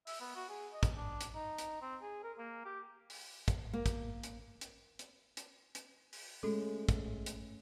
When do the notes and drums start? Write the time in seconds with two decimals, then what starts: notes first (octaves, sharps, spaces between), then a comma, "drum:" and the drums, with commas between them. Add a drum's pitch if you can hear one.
0.07 E5, drum: open hi-hat
0.20 B3
0.36 F#4
0.49 G#4
0.73 D#5
0.83 drum: kick, hi-hat
0.96 D4
1.21 drum: hi-hat
1.35 D#4
1.58 drum: hi-hat
1.82 C4
2.02 G#4
2.23 A#4
2.38 A#3
2.65 G4
3.10 drum: open hi-hat
3.48 drum: kick, hi-hat
3.73 A#3
3.86 drum: kick, hi-hat
4.23 drum: hi-hat
4.61 drum: hi-hat
4.99 drum: hi-hat
5.37 drum: hi-hat
5.75 drum: hi-hat
6.13 drum: open hi-hat
6.43 G#3 A3 C#4 F#4 A4
6.89 drum: kick, hi-hat
7.26 drum: hi-hat